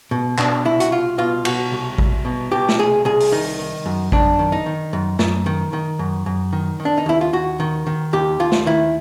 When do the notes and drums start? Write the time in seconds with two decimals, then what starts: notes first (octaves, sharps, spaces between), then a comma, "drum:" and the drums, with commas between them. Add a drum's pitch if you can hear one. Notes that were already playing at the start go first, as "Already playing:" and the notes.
0.11 B2
0.38 B2 D4, drum: clap
0.65 C2 E4
0.80 F#4, drum: hi-hat
0.92 C2 F4
1.18 B2 F4
1.45 B2 F#4, drum: cymbal
1.72 C2
1.98 C2, drum: kick
2.25 B2
2.52 B2 G4
2.69 drum: snare
2.79 C2 G#4
3.05 C2 G#4
3.20 drum: open hi-hat
3.32 D#3 D#4
3.59 D#3
3.86 F#2
4.12 F#2 D4, drum: kick
4.39 D#3
4.52 D#4
4.66 D#3
4.93 F#2
5.19 F#2, drum: snare
5.46 D#3
5.73 D#3
5.99 F#2
6.26 F#2
6.53 D#3
6.80 D#3
6.85 D4
6.98 D#4
7.06 D#2 E4
7.21 F4
7.33 D#2 F#4
7.60 D#3
7.87 D#3
8.13 D#2 G4
8.40 D#2 F4
8.52 drum: snare
8.66 D#3 E4